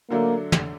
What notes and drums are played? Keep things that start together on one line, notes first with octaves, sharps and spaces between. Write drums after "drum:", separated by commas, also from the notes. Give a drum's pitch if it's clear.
D3 F#3 A3 A#3 D4
drum: tom